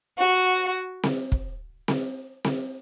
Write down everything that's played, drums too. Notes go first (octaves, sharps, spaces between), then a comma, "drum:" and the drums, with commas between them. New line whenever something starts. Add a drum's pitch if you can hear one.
F#4
drum: snare C4
drum: kick
drum: snare C4
drum: snare C4